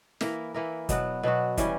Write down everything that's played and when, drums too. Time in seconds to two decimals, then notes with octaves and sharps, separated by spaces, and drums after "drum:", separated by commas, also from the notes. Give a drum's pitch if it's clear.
0.21 E3 A#3 E4 A#4, drum: snare
0.54 E3 A#3 E4 A#4
0.89 B2 F#3 B3 F#4, drum: kick, hi-hat
1.23 B2 F#3 B3 F#4
1.57 E3 G3 C#4, drum: kick, hi-hat